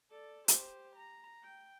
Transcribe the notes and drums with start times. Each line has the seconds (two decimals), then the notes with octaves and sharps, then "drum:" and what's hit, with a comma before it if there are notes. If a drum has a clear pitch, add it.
0.11 A4 D5
0.48 G4 C5, drum: hi-hat
0.96 A#5
1.43 G5